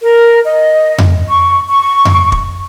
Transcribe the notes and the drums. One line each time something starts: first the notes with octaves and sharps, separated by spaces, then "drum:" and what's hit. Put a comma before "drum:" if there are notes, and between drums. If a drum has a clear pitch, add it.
A#4
D#5
drum: tom F2
C#6
C#6
drum: tom F2
drum: kick